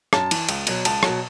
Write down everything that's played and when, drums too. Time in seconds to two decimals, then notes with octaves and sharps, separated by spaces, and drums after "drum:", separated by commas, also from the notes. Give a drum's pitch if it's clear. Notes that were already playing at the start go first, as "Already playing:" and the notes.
0.13 F#2 A5, drum: rim click
0.31 E3, drum: cymbal
0.49 C#2, drum: cymbal
0.67 B2 F#3, drum: cymbal
0.85 C#2 A5, drum: cymbal
1.03 B2 F#3, drum: rim click